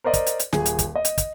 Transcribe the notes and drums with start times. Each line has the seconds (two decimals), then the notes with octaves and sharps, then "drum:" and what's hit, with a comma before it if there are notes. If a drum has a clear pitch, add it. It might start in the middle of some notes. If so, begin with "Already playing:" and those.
0.04 A#4 C5 D5 D#5
0.13 drum: kick, hi-hat
0.26 drum: hi-hat
0.39 drum: hi-hat
0.53 D#1 G#4 G#5, drum: snare
0.66 drum: hi-hat
0.79 drum: kick, hi-hat
0.95 D#5
1.05 drum: hi-hat
1.18 drum: kick, hi-hat